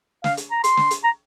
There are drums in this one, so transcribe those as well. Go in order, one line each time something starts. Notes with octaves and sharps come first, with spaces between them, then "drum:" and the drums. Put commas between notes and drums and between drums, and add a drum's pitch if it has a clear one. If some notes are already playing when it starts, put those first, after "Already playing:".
F5, drum: snare
drum: hi-hat
A#5
C6, drum: hi-hat
drum: snare
drum: hi-hat
A#5